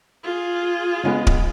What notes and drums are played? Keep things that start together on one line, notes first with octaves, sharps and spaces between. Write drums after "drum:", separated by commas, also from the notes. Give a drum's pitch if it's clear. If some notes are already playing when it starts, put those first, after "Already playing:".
F4 G#4
C#3 G#3 B3
drum: kick D1